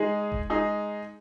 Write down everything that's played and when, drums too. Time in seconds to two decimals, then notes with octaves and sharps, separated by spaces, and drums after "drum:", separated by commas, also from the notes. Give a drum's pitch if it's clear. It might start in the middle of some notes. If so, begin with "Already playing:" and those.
Already playing: G#3 D#4 G#4
0.32 drum: kick E1
0.50 G#3 D#4 G#4